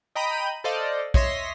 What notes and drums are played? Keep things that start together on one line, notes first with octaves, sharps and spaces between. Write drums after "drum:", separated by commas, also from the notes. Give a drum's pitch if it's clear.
D#5 G5 A#5 B5 G6 D#7
A4 C5 D5 D#5 F5
C#5 D#5 E5 C6 A#6 B6, drum: kick